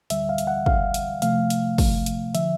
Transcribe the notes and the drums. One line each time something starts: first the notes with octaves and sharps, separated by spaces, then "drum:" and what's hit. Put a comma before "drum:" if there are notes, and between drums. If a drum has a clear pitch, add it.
D2 D3 G3 E5, drum: hi-hat
F5
drum: hi-hat
F#5
F5, drum: kick
drum: hi-hat
C3 F3 A3 F5, drum: hi-hat
drum: hi-hat
drum: kick, open hi-hat
drum: hi-hat
D3 F3 E5, drum: hi-hat